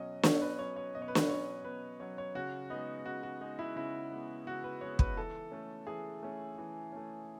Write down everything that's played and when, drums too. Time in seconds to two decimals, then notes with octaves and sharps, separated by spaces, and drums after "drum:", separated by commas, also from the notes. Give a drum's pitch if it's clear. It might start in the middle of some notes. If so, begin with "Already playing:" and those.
Already playing: B2 F#3 C#4 D#5
0.23 B2 C#5, drum: snare
0.41 B4
0.59 F#3 C#4 C#5
0.76 C#5
0.94 B2 D#5
1.02 C#5
1.08 B4
1.15 C#5, drum: snare
1.29 F#3 C#4 C#5
1.64 B2 B4
2.00 F#3 C#4 C#5
2.18 C#5
2.35 C#3 F#4
2.70 G#3 B3 D#4
3.06 C#3 F#4
3.23 F#4
3.41 G#3 B3 D#4
3.59 E4
3.76 C#3 E4
4.12 G#3 B3
4.46 C#3 F#4
4.64 B4
4.81 G#3 B3 C#5
4.99 B4, drum: kick
5.17 E3 A4
5.51 A3 C#4
5.87 E3 G#4
6.23 A3 C#4
6.58 E3
6.92 A3 C#4